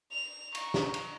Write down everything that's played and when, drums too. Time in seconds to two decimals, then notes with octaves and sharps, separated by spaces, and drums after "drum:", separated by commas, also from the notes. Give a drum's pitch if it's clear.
0.12 F7
0.55 A#5 C#6, drum: cymbal
0.74 drum: snare
0.94 drum: cymbal